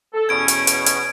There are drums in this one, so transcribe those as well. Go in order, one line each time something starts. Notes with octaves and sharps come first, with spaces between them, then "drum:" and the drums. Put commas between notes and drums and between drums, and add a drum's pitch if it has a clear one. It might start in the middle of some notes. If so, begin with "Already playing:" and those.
A4
E2 B2 C#4 G#6 D7
drum: hi-hat
drum: hi-hat
drum: hi-hat